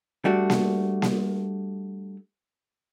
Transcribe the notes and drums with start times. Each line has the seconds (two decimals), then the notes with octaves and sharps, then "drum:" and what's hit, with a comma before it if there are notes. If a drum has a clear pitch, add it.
0.25 G3 A3 D4 F#4
0.50 drum: snare A#3
1.02 drum: snare A#3